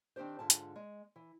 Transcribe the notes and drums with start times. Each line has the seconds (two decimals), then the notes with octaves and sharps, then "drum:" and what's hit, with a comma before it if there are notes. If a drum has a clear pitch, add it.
0.16 D#3 C4 D4 G4 C5
0.39 G#2 D3 F4 A5
0.50 drum: hi-hat
0.76 G#3
1.16 E3